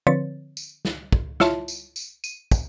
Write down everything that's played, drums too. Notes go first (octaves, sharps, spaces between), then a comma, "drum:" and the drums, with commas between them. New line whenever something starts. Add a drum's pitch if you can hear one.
D3 F3 C4 B4 C#5 A6
drum: tambourine
drum: snare
drum: kick
E4 F4 C#5 E5 A5 C6, drum: snare
drum: tambourine
drum: tambourine
D#7, drum: tambourine
drum: kick, tambourine